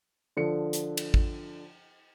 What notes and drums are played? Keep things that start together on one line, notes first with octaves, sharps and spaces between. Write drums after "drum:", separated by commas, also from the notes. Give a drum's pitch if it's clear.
D3 F3 C#7
drum: hi-hat
drum: cymbal
drum: kick